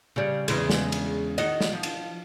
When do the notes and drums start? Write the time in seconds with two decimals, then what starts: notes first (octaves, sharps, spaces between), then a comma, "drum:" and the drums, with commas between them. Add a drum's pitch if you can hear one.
0.16 C#3 G3
0.48 E2 C#3 G#3, drum: cymbal
0.70 drum: snare
0.92 drum: cymbal
1.38 D#3 F#4 D#5, drum: cymbal
1.61 drum: snare
1.73 F3
1.83 drum: cymbal